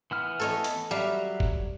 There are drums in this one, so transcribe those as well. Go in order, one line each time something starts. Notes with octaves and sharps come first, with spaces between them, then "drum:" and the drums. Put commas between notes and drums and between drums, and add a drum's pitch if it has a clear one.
E3 B3 F6
A4 C#5 D#5
drum: hi-hat
F#3 G3 E5 F5
drum: kick